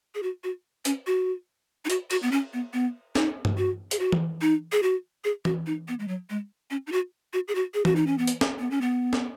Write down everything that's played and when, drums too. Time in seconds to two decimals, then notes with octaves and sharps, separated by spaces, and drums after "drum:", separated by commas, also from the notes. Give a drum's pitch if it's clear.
0.15 G#4
0.23 F#4
0.44 F#4
0.85 C#4, drum: hi-hat
1.07 F#4
1.85 D#4
1.90 F#4, drum: hi-hat
2.11 F#4, drum: cymbal
2.23 B3
2.31 C#4
2.53 B3
2.73 B3
3.15 D#4, drum: snare
3.45 drum: tom G2
3.57 F#4
3.91 G#4, drum: hi-hat
3.99 F#4
4.12 drum: tom E3
4.41 D#4
4.72 G#4
4.83 F#4
5.24 G#4
5.45 F#4, drum: tom E3
5.66 D#4
5.88 B3
5.99 G#3
6.08 F#3
6.30 G#3
6.71 C#4
6.87 D#4
6.92 F#4
7.33 F#4
7.48 G#4
7.55 F#4
7.74 G#4
7.85 F#4, drum: tom E3
7.96 D#4
8.07 C#4
8.18 B3
8.27 drum: hi-hat
8.41 drum: snare
8.59 B3
8.71 C#4
8.81 B3
9.13 drum: snare